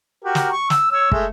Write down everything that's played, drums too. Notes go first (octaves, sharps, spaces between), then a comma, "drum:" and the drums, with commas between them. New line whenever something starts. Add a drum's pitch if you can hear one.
F#4 G4 A#4
drum: snare
C#6
E6, drum: snare
C#5 E6
G#3 A3, drum: kick